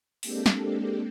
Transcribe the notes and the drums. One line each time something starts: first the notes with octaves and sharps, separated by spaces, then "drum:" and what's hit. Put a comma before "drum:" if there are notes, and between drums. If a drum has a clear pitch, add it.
G#3 A#3 C4 D4 G4 A4, drum: open hi-hat
drum: snare